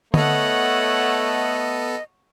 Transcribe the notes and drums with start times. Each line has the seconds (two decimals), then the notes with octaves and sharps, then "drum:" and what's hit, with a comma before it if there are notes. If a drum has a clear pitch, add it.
0.14 A3 B3 A4 C#5 D#5 F#5, drum: tom D3